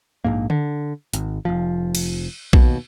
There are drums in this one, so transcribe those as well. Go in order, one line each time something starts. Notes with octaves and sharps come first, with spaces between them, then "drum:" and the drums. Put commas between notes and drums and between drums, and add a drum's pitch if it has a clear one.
A#1 D#2 G#2 A#3
D3, drum: tom D3
G#1, drum: hi-hat
F1 A#1 F3
drum: cymbal
D#2 B2, drum: kick A#1